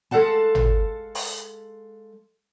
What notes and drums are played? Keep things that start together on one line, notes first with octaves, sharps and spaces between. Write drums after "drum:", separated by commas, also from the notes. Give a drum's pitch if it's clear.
G#3 A4 F5 F#5 A5
drum: tom G#1
drum: open hi-hat